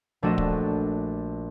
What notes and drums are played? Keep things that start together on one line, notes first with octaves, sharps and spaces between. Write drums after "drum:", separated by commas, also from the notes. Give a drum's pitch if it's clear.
A#1 A3 D4 F#4 D#5 E7
drum: kick